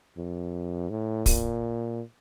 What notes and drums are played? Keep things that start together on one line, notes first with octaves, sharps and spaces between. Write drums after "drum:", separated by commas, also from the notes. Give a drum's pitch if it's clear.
F2
A2
A#2, drum: kick, open hi-hat